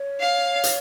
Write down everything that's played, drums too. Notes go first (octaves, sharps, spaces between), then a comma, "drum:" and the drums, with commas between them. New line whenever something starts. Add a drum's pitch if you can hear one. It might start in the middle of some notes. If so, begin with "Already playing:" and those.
Already playing: C#5
F5
drum: hi-hat